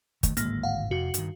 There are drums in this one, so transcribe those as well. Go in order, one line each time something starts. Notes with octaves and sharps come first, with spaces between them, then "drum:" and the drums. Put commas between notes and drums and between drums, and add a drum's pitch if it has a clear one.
D#3 A3, drum: kick, hi-hat
D1 G#1 G#3 A#3, drum: hi-hat
F5 F#5
F1 F2 C3 F#4
G2 D#3, drum: hi-hat